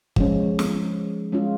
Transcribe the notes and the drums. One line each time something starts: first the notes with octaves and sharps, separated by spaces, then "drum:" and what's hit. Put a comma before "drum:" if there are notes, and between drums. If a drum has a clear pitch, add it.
F3 G#3 C#4, drum: kick
drum: snare
G#3 C#4 F4